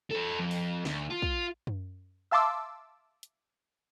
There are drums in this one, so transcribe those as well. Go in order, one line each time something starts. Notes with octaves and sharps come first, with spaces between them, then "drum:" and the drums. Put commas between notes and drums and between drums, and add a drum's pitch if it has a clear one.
A4 C5
F2
drum: open hi-hat
D2, drum: snare
F4
drum: kick
drum: tom F#2
E5 F5 A5 C6 D6 E6
drum: hi-hat